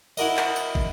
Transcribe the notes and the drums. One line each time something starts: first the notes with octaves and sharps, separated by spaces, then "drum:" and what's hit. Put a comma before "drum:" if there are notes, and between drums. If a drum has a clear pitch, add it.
E4 F#4 A#4 D#5, drum: tambourine
drum: clap
drum: tambourine
drum: kick